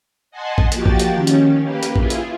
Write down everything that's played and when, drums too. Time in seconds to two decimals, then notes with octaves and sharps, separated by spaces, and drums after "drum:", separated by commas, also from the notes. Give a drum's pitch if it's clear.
0.31 D#5 F#5 G#5 A5 C6
0.58 drum: kick
0.72 F3 A#3 F#4 G4 G5 A6, drum: hi-hat
0.86 drum: kick
1.00 drum: hi-hat
1.15 D#3 C#4
1.27 drum: hi-hat
1.62 A#3 G4 B4
1.83 drum: hi-hat
1.96 E4 F4 G#4, drum: kick
2.10 drum: hi-hat